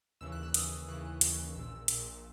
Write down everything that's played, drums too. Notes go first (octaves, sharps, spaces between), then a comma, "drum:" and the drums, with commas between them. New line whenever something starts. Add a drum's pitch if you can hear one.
D#2 C#3 E3 E6
F#6
E6
D#2 C#3 E3 D#6, drum: hi-hat
D#2 C#3 E3 F#6
D#2 C#3 E3, drum: hi-hat
A#1 A#2 E6
A#1 A#2, drum: hi-hat